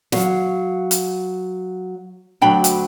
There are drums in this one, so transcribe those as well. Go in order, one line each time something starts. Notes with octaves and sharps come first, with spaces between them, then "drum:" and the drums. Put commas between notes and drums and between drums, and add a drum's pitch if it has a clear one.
F#3 F5, drum: snare
drum: hi-hat
D2 F#3 D4 G5 B5
drum: hi-hat